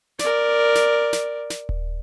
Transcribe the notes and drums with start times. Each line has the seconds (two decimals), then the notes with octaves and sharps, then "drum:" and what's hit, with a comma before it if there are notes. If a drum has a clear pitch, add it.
0.19 A#4 D5, drum: snare
0.75 drum: snare
1.13 drum: snare
1.50 drum: snare
1.69 drum: kick D#1